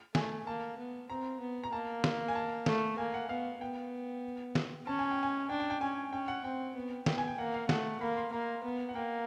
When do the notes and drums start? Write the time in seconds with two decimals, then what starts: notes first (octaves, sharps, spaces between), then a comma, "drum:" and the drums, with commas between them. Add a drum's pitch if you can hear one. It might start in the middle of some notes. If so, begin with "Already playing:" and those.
0.15 A3 G#5, drum: snare
0.47 A#3 A5
0.78 B3
1.10 C4 A#5
1.40 B3
1.64 A#5
1.73 A#3 A5
2.04 drum: snare
2.28 G#5
2.35 A5
2.66 A3, drum: snare
2.98 A#3 G#5
3.14 F#5
3.29 B3 F5
3.61 B3 G5
4.55 drum: snare
4.87 C#4 A5
4.99 G#5
5.11 G5
5.23 G#5
5.50 D4 G5
5.60 G5
5.70 G5
5.81 C#4 G#5
6.12 C#4 G5
6.28 F#5
6.44 C4 G5
6.75 B3
7.06 B3 G5, drum: snare
7.18 G#5
7.28 G5
7.38 A#3 F#5
7.54 F5
7.69 A3 F#5, drum: snare
8.00 A#3 B5
8.17 C6
8.32 A#3 A#5
8.63 B3
8.89 F#5
8.95 A#3 G5